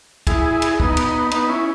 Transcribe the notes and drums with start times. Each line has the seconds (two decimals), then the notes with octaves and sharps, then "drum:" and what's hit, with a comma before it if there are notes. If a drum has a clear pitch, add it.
0.27 E4 G#4, drum: kick, cymbal
0.62 drum: cymbal
0.80 B3 D#4, drum: kick
0.97 drum: cymbal
1.31 B3 D#4, drum: cymbal
1.49 C#4 E4